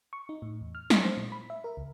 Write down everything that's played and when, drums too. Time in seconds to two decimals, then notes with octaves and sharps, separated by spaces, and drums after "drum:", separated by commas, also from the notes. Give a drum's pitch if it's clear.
0.13 C#6
0.29 D#4
0.42 A2
0.61 E2
0.75 F6
0.90 E4, drum: snare
1.04 C5
1.17 A#2
1.32 B5
1.50 E5
1.64 A#4
1.77 C#2